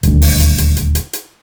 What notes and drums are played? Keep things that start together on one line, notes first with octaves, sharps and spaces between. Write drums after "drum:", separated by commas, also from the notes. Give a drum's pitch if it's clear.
D#1 D2, drum: hi-hat
drum: open hi-hat
drum: hi-hat
drum: hi-hat
drum: hi-hat
drum: hi-hat
drum: hi-hat